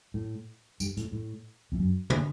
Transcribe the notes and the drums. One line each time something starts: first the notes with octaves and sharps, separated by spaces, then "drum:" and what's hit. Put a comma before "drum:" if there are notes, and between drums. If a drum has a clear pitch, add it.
A2
G2, drum: tambourine
A2, drum: hi-hat
A2
E2
F#2
D3, drum: tom